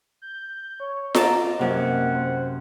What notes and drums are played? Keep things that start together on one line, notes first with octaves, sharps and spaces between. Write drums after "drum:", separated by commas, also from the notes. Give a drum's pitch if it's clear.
G6
C#5
D#5 A5 A#5 D6, drum: snare F4
F#2 C3 A#3 F#5
C5